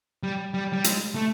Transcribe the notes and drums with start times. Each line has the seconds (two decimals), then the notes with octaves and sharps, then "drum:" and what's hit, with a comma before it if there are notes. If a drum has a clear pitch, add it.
0.23 G3
0.54 G3
0.73 G3
0.84 G#3, drum: hi-hat
1.15 A3